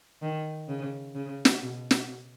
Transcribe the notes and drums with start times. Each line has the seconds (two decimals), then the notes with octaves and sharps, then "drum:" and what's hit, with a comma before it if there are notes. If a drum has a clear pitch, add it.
0.22 D#3
0.68 C#3
1.15 C#3
1.45 drum: snare
1.61 B2
1.91 drum: snare